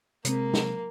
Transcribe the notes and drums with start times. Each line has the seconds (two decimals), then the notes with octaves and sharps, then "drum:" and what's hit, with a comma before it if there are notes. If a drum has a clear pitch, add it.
0.25 C3 G#3 A#3 C4, drum: hi-hat
0.54 drum: snare